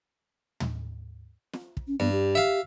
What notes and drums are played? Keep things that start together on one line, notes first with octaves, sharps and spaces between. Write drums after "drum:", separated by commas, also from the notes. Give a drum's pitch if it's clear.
drum: tom
drum: snare
drum: kick
C#4
G2 B3
G4
E5 F5